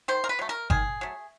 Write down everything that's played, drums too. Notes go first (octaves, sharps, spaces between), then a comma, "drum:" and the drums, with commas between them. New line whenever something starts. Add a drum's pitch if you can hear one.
D#3 C5
A#4
B4
F#3 A3
A#4
D#3 G#4, drum: kick G1
F#3 A3